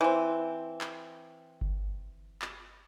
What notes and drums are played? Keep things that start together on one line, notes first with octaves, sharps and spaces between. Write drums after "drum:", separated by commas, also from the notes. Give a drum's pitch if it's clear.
E3 C4
drum: clap
drum: kick G1
drum: clap